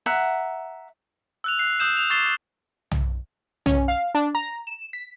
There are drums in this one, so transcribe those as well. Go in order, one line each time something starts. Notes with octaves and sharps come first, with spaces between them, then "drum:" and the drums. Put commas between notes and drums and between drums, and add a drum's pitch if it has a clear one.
E5 F#5 A#5
E6 F#6 F7
F#6 C7
D#6 E6 G6 E7
D#6 F7
C#6 D6 A6 C7 E7 G7
drum: tom
C#4, drum: tom
F5
D4
A#5
E7
B6